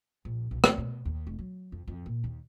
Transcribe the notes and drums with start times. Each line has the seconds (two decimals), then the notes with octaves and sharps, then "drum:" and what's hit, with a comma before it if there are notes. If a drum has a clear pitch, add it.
0.25 A#1
0.51 B1
0.64 C#2, drum: rim click
0.78 B2
1.05 D#2
1.27 F1
1.39 F#3
1.72 F2
1.88 F2
2.06 A#2
2.24 D#2